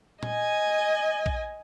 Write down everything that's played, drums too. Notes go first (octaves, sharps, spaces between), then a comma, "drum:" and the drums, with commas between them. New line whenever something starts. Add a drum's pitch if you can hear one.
D#5 G#5, drum: tom A#2
drum: kick A#1